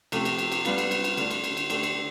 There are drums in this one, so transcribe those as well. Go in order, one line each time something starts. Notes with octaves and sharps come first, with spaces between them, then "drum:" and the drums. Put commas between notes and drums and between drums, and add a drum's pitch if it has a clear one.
C3 F3 A3 C4 G4, drum: cymbal
drum: cymbal
drum: cymbal
drum: cymbal
G3 B3 F4, drum: cymbal
drum: cymbal
drum: cymbal
drum: cymbal
D3 A3 D4 F4, drum: cymbal
drum: cymbal
drum: cymbal
drum: cymbal
D3 A3 D4 G4, drum: cymbal
drum: cymbal